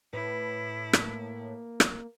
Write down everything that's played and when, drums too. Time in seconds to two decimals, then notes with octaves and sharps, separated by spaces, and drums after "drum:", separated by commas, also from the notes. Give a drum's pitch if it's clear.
0.13 A2 E4 B4
0.93 A#3, drum: rim click
1.80 drum: rim click